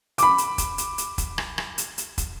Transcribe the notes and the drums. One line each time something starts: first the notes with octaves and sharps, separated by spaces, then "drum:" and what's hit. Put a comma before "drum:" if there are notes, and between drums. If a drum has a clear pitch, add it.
B5 D6, drum: hi-hat
drum: hi-hat
drum: kick, hi-hat
drum: hi-hat
drum: hi-hat
drum: kick, hi-hat
drum: rim click
drum: rim click
drum: hi-hat
drum: hi-hat
drum: kick, hi-hat